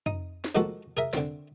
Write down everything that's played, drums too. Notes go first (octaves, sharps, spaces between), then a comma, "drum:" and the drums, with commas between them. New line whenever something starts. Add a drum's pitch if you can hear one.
D#4, drum: tom F2
drum: snare
D#3 F3 G#3 A#3 F#4 A4
G#4 A#4 E5
D3 C4, drum: snare